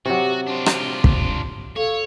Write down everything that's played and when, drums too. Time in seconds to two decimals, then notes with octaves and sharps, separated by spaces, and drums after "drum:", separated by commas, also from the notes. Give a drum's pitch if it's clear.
0.06 C3 F#3 F#4 G4
0.47 C4 D4 F4
0.66 drum: rim click
1.04 drum: kick
1.77 A4 C#5 F5